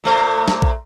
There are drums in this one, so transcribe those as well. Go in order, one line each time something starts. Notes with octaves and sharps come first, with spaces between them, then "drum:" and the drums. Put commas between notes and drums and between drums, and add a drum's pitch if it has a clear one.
A#2 A3 C5
drum: snare
drum: kick A#1